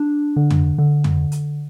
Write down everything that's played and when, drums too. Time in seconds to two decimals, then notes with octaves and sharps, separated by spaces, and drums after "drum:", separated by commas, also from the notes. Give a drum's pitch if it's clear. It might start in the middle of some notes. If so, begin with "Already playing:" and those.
Already playing: D4
0.36 D3
0.50 drum: tom
0.78 D3
1.04 drum: tom
1.32 drum: hi-hat